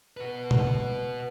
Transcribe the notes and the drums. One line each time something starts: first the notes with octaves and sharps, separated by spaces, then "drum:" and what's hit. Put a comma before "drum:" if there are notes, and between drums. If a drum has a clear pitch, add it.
F#4 B4
drum: tom B2